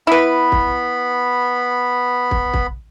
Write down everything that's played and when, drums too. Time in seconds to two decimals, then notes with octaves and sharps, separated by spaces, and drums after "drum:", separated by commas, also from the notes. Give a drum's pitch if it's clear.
0.07 B3 E4 B4 B5
0.52 drum: kick
2.31 drum: kick
2.54 drum: kick